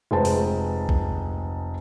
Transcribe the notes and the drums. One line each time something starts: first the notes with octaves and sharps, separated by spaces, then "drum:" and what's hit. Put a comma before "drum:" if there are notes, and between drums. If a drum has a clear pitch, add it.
F1 G#3 B4 C5 A5
drum: open hi-hat
drum: kick A#1